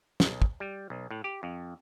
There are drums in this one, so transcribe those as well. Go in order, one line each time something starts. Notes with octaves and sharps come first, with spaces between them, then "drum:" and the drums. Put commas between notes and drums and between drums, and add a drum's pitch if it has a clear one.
B1, drum: snare
drum: kick
G3
B1
A2
G4
F2